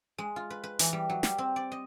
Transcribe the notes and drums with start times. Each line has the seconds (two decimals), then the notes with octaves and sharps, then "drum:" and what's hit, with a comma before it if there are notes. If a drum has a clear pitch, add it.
0.18 G#3
0.36 F4
0.50 B4
0.64 B4
0.79 E3, drum: hi-hat
0.93 G3
1.10 F#3
1.23 G3, drum: snare
1.38 C4
1.56 D5
1.72 D#5